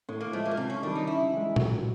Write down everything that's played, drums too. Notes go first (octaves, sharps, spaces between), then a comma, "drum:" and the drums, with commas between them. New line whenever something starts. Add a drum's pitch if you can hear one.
A2 G#3
A#3
F3 G#3 A3
A#3
C#4
C3 C4
C#4
D#3 G3 D4
D#4
C#3 E4
E3 G#3
F#3, drum: tom A#2